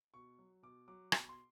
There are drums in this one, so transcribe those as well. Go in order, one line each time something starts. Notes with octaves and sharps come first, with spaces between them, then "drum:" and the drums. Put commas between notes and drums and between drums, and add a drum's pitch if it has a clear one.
B2 C#6
F#3
B2 D6
F#3 D6
B2 C#6, drum: rim click
C6